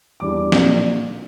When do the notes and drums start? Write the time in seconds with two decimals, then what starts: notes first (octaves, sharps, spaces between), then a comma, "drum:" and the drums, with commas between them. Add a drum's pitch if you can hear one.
0.20 E2 E3 G3 D4 D6
0.52 A#2 F3 A#3 D4, drum: snare